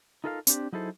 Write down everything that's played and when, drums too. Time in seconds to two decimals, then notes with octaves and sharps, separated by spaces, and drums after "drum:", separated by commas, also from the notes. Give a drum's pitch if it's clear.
0.24 D#4 F4 A4 A#4 E5 F5
0.47 C4 D4 G4, drum: hi-hat
0.73 F#3 D#4 E4 G#4 A4 C5